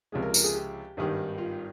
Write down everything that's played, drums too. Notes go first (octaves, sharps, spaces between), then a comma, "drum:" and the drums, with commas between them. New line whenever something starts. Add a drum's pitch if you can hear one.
C#2 C3 F3 G#3
A#4
A#4, drum: tambourine
G#4
G4
G#1 G2 D#3 G3
F4